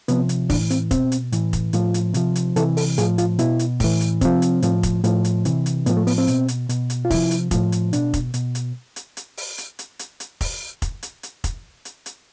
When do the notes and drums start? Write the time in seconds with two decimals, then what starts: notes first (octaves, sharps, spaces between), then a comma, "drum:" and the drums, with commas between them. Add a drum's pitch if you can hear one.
0.08 C3 F3 B3, drum: hi-hat
0.29 drum: hi-hat
0.50 A2 E3 D4, drum: kick F1, open hi-hat
0.71 C4, drum: hi-hat
0.91 B2 C4, drum: kick F1, hi-hat
1.12 drum: hi-hat
1.32 A2 E3, drum: hi-hat
1.53 drum: kick F1, hi-hat
1.73 A2 F3 F4, drum: hi-hat
1.94 drum: hi-hat
2.14 C3 F3, drum: hi-hat
2.36 drum: hi-hat
2.56 C3 E3 A4, drum: hi-hat
2.77 A4, drum: open hi-hat
2.98 A2 F3 G#4, drum: hi-hat
3.18 F4, drum: hi-hat
3.39 B2 E4, drum: hi-hat
3.59 drum: hi-hat
3.80 A2 E3, drum: kick F1, open hi-hat
4.01 drum: hi-hat
4.21 C3 F3 C4, drum: kick F1, hi-hat
4.42 drum: hi-hat
4.62 A2 F3, drum: hi-hat
4.83 drum: kick F1, hi-hat
5.04 A2 F3, drum: hi-hat
5.25 drum: hi-hat
5.45 C3 E3, drum: hi-hat
5.66 drum: hi-hat
5.86 A2 F3 B3, drum: hi-hat
5.97 A3
6.07 B3, drum: open hi-hat
6.18 C4
6.28 B2, drum: hi-hat
6.48 drum: hi-hat
6.69 B2, drum: hi-hat
6.90 drum: hi-hat
7.05 F4
7.11 C3 F3 E4, drum: kick F1, open hi-hat
7.31 drum: hi-hat
7.51 A2 F3, drum: kick F1, hi-hat
7.72 drum: hi-hat
7.93 B2 D4, drum: hi-hat
8.14 drum: kick F1, hi-hat
8.34 B2, drum: hi-hat
8.55 drum: hi-hat
8.96 drum: hi-hat
9.17 drum: hi-hat
9.37 drum: open hi-hat
9.58 drum: hi-hat
9.79 drum: hi-hat
9.99 drum: hi-hat
10.20 drum: hi-hat
10.41 drum: kick F1, open hi-hat
10.82 drum: kick F1, hi-hat
11.03 drum: hi-hat
11.23 drum: hi-hat
11.44 drum: kick F1, hi-hat
11.85 drum: hi-hat
12.06 drum: hi-hat